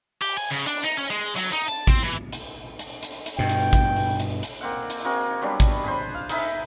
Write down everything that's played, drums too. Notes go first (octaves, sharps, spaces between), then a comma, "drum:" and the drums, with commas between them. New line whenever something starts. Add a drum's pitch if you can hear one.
G4, drum: open hi-hat
G#5
C#3
D4, drum: hi-hat
D#4
C#4
G#3
F#3, drum: hi-hat
D#4
A5
C4, drum: kick A1
E3
drum: hi-hat
drum: hi-hat
drum: hi-hat
drum: hi-hat
G2 B2 G5
drum: hi-hat
drum: kick A1, hi-hat
drum: open hi-hat
drum: hi-hat
drum: hi-hat
A#3 C4 F#5
drum: hi-hat
A#3 C4 F#4 G#4
F#3 G3 B3 D4
drum: kick A1, hi-hat
G#4 B4 C5
F5
D#4 G#4 B4 E5, drum: hi-hat